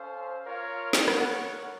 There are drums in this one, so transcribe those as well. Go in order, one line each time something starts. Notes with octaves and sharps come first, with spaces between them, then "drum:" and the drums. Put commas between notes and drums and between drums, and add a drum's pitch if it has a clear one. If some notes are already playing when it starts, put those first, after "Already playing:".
Already playing: C#4 A4 C5 F5
F4 A#4 C#5 F5
drum: snare
F#4 A#4 C#5 F#5, drum: rim click